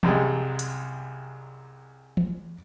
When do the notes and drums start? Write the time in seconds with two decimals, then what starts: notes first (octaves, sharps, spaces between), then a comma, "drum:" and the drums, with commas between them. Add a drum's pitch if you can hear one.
0.03 C2 F#2 G3 G#3, drum: tom E3
0.59 drum: hi-hat
2.17 drum: tom E3